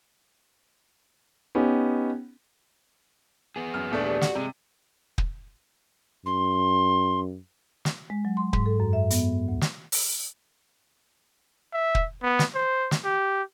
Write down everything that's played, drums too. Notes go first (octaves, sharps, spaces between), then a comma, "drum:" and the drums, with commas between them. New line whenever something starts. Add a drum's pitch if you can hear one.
B3 C#4 D#4 G4
B3 G#4
F#2 F6
D#1 A3 D4
G4 D5
F#4, drum: snare
C3 G3 G#3
drum: kick
F#2 C6
drum: snare
G#3
F#3
C6
G#2, drum: kick
A4
F#2
E5
B3, drum: hi-hat
D2
drum: snare
drum: open hi-hat
E5
drum: kick
B3
drum: snare
C5
drum: snare
G4